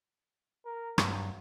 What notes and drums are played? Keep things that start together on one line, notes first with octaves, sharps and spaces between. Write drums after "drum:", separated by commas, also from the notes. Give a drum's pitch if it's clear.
A#4
G2 F#3, drum: rim click